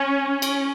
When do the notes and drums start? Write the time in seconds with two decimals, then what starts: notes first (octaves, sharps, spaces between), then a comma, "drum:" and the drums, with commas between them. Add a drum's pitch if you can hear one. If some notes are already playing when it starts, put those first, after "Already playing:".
Already playing: C#4
0.42 drum: cymbal